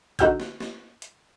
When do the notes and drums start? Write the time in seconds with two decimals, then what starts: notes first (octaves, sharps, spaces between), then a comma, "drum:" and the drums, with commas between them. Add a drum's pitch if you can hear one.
0.19 D3 D#4 F#4 F#5 E6 G6, drum: kick A1, hi-hat
0.40 drum: snare
0.60 drum: snare
1.02 drum: hi-hat